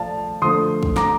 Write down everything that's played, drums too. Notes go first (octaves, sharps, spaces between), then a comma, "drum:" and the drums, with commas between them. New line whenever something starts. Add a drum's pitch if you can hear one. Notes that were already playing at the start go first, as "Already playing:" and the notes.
Already playing: F3 A3 D5 F5 A5
D3 F3 A3 C6 D#6
drum: kick
A#5 D6, drum: snare